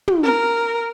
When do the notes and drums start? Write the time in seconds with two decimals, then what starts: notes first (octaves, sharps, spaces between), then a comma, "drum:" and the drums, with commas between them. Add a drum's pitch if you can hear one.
0.08 drum: tom
0.24 A#4